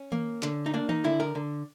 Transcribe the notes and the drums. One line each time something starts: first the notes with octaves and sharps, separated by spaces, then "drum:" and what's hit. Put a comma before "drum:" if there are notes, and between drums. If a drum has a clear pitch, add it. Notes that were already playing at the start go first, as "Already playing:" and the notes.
Already playing: C#4
A#3, drum: tom D#3
D3, drum: clap
D#4
A#3 D4
D#4, drum: tom D#3
D3 E4
A#4
D3